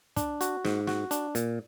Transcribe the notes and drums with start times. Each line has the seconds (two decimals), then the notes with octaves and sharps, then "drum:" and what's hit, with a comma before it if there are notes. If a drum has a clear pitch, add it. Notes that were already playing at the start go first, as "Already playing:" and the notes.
0.17 D4, drum: kick, hi-hat
0.41 F#4, drum: hi-hat
0.65 G#2, drum: snare
0.87 F#4, drum: snare
1.11 D4, drum: hi-hat
1.35 A#2, drum: hi-hat